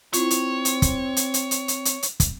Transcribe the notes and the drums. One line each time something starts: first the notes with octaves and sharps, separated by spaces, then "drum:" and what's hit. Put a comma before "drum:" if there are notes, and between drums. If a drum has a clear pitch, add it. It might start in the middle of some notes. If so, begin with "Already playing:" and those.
C4 E4 F4 C#5, drum: hi-hat
drum: hi-hat
drum: hi-hat
drum: kick, hi-hat
drum: hi-hat
drum: hi-hat
drum: hi-hat
drum: hi-hat
drum: hi-hat
drum: hi-hat
drum: kick, hi-hat